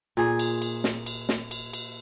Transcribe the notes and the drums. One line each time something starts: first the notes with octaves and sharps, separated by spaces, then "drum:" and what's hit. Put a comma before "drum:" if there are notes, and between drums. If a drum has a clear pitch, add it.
A#2 G#4
drum: cymbal
drum: cymbal
drum: snare
drum: cymbal
drum: snare
drum: cymbal
drum: cymbal